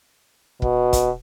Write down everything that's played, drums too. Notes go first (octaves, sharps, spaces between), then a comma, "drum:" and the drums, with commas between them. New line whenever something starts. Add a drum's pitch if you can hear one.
B2, drum: kick
drum: kick, hi-hat